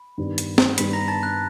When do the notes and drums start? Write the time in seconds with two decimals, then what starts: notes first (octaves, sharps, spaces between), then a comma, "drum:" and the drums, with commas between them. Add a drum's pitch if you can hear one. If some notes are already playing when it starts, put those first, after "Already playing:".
Already playing: B5
0.18 G2 D#3 G3 B3
0.38 drum: hi-hat
0.58 drum: snare
0.78 G2 D#3 G3 B3 B5 B6, drum: hi-hat
0.93 A#5 A#6
1.08 A5 A6
1.23 F#6